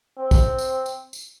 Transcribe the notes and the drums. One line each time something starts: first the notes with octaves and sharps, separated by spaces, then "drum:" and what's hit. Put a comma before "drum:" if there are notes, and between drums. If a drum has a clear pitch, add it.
C4
drum: kick, tambourine
drum: tambourine
drum: tambourine
drum: tambourine